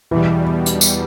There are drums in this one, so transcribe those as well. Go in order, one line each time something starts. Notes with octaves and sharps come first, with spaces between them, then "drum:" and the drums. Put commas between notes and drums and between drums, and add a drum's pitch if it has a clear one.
E2 B2 E3 G3
drum: hi-hat
drum: tambourine